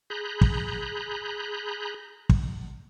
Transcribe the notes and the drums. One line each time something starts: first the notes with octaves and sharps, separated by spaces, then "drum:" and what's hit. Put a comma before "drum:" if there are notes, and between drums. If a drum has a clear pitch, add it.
G#4 A#5 B5 F#6 G6
drum: kick
drum: kick